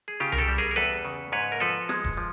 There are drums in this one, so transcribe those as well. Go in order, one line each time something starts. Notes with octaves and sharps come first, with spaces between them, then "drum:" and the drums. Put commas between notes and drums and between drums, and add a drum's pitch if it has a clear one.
G#4
C#3 F4 G4
A#4, drum: tom C2
G4 A4
G3
G#4 A#4, drum: hi-hat
A#4
E2 A4 B4
C#3
G#2 B4 C#5
A#4
F3 A4 B4
G#3, drum: rim click
drum: kick D#1
F3